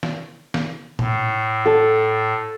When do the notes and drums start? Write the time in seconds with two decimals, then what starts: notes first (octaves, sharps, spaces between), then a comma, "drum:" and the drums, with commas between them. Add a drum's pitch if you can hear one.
0.03 drum: snare
0.54 drum: snare
0.99 A2, drum: tom A#2
1.66 A4